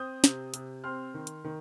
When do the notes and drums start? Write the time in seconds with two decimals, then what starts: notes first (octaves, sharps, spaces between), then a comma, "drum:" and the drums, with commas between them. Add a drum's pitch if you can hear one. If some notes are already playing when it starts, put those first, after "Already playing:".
Already playing: C4 D#6 G6
0.24 C3, drum: snare
0.54 C3, drum: hi-hat
0.84 C4 C6 F6
1.14 D#3
1.27 drum: hi-hat
1.44 D#3